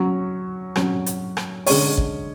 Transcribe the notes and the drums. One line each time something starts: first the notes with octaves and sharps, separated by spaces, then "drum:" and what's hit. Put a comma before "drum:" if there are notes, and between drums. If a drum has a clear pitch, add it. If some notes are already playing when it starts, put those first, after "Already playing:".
Already playing: F#3 C#4 F#4
F#3 C#4 F#4, drum: rim click
drum: hi-hat
drum: rim click
D3 G#3 C#4 G#4 C#5, drum: open hi-hat
drum: kick